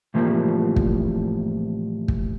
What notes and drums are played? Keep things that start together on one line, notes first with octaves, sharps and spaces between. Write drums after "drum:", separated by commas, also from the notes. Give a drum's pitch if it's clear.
A2 C3 E3 F3 G3 A#3
drum: kick
drum: kick